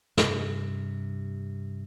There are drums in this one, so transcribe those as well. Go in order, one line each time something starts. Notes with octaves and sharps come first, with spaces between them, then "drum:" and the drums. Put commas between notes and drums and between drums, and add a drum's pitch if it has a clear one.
G2 C3, drum: snare